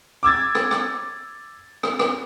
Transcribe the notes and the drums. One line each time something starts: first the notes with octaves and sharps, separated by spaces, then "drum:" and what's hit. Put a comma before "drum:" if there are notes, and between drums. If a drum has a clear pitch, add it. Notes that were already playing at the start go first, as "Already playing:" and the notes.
D6 E6 G#6 A6
drum: rim click
drum: rim click
drum: rim click
drum: rim click